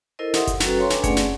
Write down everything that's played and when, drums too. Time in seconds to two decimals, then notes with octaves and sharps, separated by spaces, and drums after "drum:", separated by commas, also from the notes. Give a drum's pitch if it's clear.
0.19 E4 A4 A#4 C5 D#5
0.34 G4 E5 F#5 C6 D#6, drum: snare
0.47 drum: kick F#1, hi-hat
0.60 G3 C#4 F#4 A4 B4 A#5, drum: snare
0.78 C#5 F5 G5 A#5 C6 C#6
0.90 D4 B4 G#5, drum: snare
1.04 A3 C4 C#4 G#4 D5 F#5, drum: kick F#1, hi-hat
1.17 drum: snare